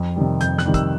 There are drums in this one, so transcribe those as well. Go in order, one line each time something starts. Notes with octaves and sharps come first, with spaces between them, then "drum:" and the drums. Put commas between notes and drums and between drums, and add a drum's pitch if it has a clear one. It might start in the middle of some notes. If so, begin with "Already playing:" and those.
Already playing: F2
C3 D#3 G3
F2 G6, drum: hi-hat
F#6, drum: snare
C3 D#3 G3
E6, drum: kick, hi-hat